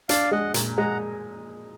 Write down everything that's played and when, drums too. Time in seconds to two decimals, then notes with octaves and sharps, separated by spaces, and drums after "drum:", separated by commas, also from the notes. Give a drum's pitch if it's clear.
0.09 D4 D5 F5, drum: hi-hat
0.31 G#3 D#5 F#5
0.54 A#2, drum: hi-hat
0.77 G#3 F#5 A#5